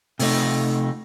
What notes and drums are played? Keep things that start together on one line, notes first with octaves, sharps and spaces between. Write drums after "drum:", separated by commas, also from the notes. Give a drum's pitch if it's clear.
C3 A3 D#4, drum: open hi-hat